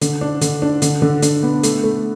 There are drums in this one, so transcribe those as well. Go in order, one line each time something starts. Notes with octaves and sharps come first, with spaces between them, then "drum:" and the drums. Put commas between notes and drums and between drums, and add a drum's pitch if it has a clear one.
D3, drum: hi-hat
D4
D3, drum: hi-hat
D4
D3, drum: hi-hat
D3
D3, drum: hi-hat
B3
A3, drum: hi-hat
A3